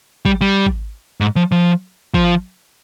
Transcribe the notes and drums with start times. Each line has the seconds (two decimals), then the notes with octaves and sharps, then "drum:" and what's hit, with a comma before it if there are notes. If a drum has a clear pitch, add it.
0.25 G3, drum: kick G#1
0.41 G3
0.66 drum: kick G#1
1.21 G#2
1.36 F3
1.52 F3
2.14 F3, drum: kick G#1